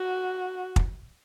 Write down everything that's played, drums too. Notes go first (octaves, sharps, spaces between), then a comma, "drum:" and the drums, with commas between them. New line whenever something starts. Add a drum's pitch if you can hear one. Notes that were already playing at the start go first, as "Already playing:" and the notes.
Already playing: F#4
drum: kick